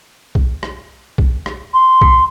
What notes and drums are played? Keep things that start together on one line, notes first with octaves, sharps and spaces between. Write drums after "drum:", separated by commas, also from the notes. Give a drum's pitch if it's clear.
drum: kick B1
drum: rim click
drum: kick B1
drum: rim click
C6
drum: kick B1